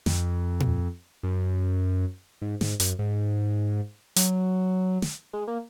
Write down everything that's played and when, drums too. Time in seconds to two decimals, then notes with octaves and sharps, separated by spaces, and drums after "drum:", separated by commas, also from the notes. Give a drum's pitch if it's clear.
0.06 F2, drum: snare
0.60 drum: tom A#2
1.23 F#2
2.41 G#2
2.61 G#2, drum: snare
2.80 F#2, drum: hi-hat
2.99 G#2
4.16 F#3, drum: hi-hat
5.02 drum: snare
5.33 G#3
5.48 A#3